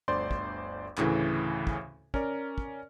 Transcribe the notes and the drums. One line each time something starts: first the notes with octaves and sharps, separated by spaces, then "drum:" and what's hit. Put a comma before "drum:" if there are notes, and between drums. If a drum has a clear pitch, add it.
G1 D2 C5 D5 C6
drum: kick
D2 A2 C#3 E3, drum: clap
drum: kick
C#4 A#4 D5, drum: kick
drum: kick